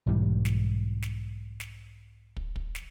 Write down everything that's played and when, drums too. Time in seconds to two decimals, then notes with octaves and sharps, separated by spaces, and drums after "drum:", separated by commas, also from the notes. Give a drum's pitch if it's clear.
0.07 B1 G#2 E3 G3
0.45 drum: snare
1.02 drum: snare
1.60 drum: snare
2.36 drum: kick
2.56 drum: kick
2.75 drum: snare